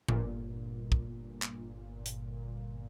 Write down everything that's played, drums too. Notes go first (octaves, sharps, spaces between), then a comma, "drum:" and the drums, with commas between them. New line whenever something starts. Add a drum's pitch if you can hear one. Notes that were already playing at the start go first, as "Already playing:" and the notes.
G1 A#2, drum: tom A2
drum: kick
drum: clap
drum: hi-hat